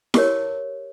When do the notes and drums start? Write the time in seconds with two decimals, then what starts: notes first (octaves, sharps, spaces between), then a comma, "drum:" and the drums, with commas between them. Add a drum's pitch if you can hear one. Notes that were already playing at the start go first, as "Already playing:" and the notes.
0.14 G4 A#4 C#5, drum: snare E4